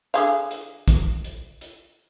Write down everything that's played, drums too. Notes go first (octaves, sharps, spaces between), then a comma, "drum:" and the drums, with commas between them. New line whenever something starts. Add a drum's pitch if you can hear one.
D3 G#4 F5, drum: hi-hat
drum: hi-hat
drum: kick, hi-hat
drum: hi-hat
drum: hi-hat